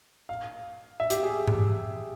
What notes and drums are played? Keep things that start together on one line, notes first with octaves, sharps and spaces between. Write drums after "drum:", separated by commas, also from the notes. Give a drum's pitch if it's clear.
F5
E5
G4, drum: hi-hat
G#4
drum: tom G#2